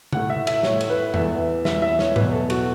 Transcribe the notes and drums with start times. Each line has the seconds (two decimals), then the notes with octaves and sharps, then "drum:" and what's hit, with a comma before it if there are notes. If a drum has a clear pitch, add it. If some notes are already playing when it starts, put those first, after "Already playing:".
0.13 A2 A3 F#5, drum: tom
0.30 E5
0.47 E5, drum: cymbal
0.63 A2 A3 C#5, drum: snare
0.81 drum: cymbal
0.90 B4
1.14 E2 E3 B3 E5, drum: tom
1.65 E2 E3 B3 E5, drum: snare
1.82 E5
1.99 C#5, drum: snare
2.16 E2 B2 F#3 B4, drum: tom
2.33 A4
2.50 F#4, drum: cymbal